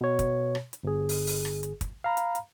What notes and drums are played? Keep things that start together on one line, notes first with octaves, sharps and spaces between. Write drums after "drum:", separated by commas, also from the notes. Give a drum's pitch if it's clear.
B2 C#5
drum: kick, hi-hat
drum: rim click
drum: hi-hat
G1 G#4
drum: open hi-hat
drum: open hi-hat
drum: rim click
drum: hi-hat
drum: kick, hi-hat
F5 A#5 B5
drum: hi-hat
drum: hi-hat